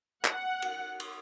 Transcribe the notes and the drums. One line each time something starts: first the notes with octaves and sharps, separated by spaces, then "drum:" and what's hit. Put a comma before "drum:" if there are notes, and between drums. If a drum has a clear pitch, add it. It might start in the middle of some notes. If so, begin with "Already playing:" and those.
F#5, drum: clap
drum: cymbal
drum: cymbal